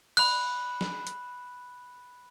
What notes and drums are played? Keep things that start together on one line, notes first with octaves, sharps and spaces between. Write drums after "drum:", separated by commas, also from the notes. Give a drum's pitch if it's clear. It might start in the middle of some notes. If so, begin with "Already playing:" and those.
B5 F#6, drum: cymbal
drum: snare
drum: hi-hat